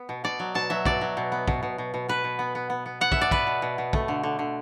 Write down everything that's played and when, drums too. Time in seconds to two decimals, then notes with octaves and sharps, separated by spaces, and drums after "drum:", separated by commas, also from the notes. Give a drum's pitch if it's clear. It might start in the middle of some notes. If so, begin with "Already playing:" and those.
Already playing: B3
0.09 B2
0.24 B2 D5
0.39 F#3
0.55 B2 A5
0.70 F#3 E5
0.85 B2 D5, drum: kick
1.01 F#3
1.17 B2
1.32 B3
1.48 B2, drum: kick
1.63 B2
1.78 B2
1.94 B2
2.09 B2 B4
2.24 B2
2.39 B3
2.55 B3
2.70 B3
2.86 B3
3.01 B3 F#5
3.12 B2 E5, drum: kick
3.21 D5
3.31 B3 B4, drum: kick
3.47 B2
3.62 B2
3.78 B2
3.93 A3, drum: kick
4.08 D3
4.23 D3
4.39 D3